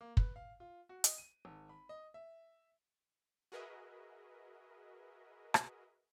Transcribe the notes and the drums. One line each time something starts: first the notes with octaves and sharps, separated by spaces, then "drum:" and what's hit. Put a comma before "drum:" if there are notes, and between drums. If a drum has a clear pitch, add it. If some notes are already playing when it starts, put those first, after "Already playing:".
A#3
B4, drum: kick
F5
F4
F#4
D#5, drum: hi-hat
D#7
G#1
B5
D#5
E5
F#4 G#4 A#4 B4 D#5 E5
drum: rim click